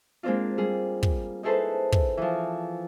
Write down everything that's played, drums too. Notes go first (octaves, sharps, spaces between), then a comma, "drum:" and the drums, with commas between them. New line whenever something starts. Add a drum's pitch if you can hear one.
G#3 A#3 C4 D4 F4
G3 G#4
drum: kick
D#4 E4 G#4 A4 B4 C5
drum: kick
E3 F3